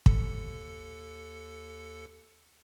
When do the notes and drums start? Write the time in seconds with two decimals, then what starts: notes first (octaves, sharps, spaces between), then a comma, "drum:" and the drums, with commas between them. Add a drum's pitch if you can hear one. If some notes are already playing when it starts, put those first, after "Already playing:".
0.06 D#2 A4 C#7, drum: kick